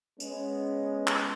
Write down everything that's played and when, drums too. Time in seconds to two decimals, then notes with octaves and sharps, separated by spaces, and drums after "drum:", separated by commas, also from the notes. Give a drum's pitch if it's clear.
0.20 G#3 B3 C#4, drum: tambourine
1.07 drum: clap